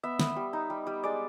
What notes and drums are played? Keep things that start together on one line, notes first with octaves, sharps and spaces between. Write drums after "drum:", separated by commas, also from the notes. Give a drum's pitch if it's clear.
B3 E5
B3, drum: snare
G3
D#4
G3
G3
G#3 D5